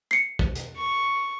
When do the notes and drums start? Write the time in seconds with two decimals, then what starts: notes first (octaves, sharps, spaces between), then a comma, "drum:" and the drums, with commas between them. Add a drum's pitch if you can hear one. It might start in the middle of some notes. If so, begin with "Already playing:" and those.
0.11 C7 C#7
0.39 drum: kick
0.55 drum: hi-hat
0.76 C#6